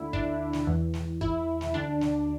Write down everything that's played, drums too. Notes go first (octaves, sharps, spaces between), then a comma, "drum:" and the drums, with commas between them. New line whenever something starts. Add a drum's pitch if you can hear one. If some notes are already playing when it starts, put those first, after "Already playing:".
Already playing: D2 D3 E4
D4, drum: kick
drum: snare
E2 E3
drum: snare
E4, drum: kick
drum: snare
D2 D3 D4
drum: snare